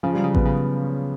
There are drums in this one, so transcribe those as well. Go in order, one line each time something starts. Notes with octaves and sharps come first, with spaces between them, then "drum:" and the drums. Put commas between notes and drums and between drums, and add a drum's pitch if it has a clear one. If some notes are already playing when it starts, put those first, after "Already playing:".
C#3 F3
G3
C#3 F#3
B3, drum: kick A1
C#3